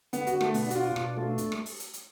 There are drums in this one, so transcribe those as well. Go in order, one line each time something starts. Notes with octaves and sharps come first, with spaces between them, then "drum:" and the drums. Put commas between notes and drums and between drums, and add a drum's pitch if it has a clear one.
D3 B3, drum: hi-hat
F#4, drum: hi-hat
D3
A3, drum: rim click
B2 B3, drum: open hi-hat
D4
F#4, drum: hi-hat
D4 F4
F4
B2 F4, drum: rim click
A3 F4
D4
drum: hi-hat
drum: rim click
drum: open hi-hat
drum: hi-hat
drum: hi-hat